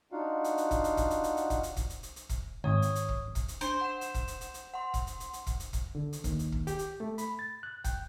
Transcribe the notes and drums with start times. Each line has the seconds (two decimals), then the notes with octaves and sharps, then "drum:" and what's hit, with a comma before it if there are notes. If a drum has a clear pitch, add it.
0.12 D4 D#4 F4 F#4 F5 F#5
0.44 drum: hi-hat
0.58 drum: hi-hat
0.71 drum: kick, hi-hat
0.84 drum: hi-hat
0.97 drum: kick, hi-hat
1.10 drum: hi-hat
1.24 drum: hi-hat
1.37 drum: hi-hat
1.50 drum: kick, hi-hat
1.63 drum: hi-hat
1.77 drum: kick, hi-hat
1.90 drum: hi-hat
2.03 drum: hi-hat
2.16 drum: hi-hat
2.29 drum: kick, hi-hat
2.64 G#1 C#5 D#6
2.82 drum: hi-hat
2.95 drum: hi-hat
3.09 drum: kick
3.35 drum: kick, hi-hat
3.48 drum: hi-hat
3.61 D4 C5, drum: hi-hat
3.81 F#5 E7
4.01 drum: hi-hat
4.14 drum: kick, hi-hat
4.28 drum: hi-hat
4.41 drum: hi-hat
4.54 drum: hi-hat
4.74 F#5 C6
4.94 drum: kick, hi-hat
5.07 drum: hi-hat
5.20 drum: hi-hat
5.33 drum: hi-hat
5.47 drum: kick, hi-hat
5.60 drum: hi-hat
5.73 drum: kick, hi-hat
5.95 D3
6.13 drum: hi-hat
6.24 D#2, drum: kick, hi-hat
6.39 drum: hi-hat
6.52 drum: kick
6.67 G4, drum: hi-hat
6.79 drum: hi-hat
7.00 A3
7.18 B5, drum: hi-hat
7.39 A6
7.63 F#6
7.84 G5, drum: kick, hi-hat